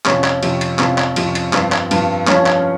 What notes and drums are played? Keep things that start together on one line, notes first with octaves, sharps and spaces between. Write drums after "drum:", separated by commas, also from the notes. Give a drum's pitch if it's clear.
F2 C3 F3 C#4, drum: clap
drum: clap
F2 C3 F3, drum: cymbal
drum: cymbal
F2 C3 F3 C4, drum: clap
drum: clap
F2 C3 F3, drum: cymbal
drum: cymbal
G2 F3 C4, drum: clap
drum: clap
G2 F3, drum: cymbal
G2 F3 C#4, drum: clap
drum: clap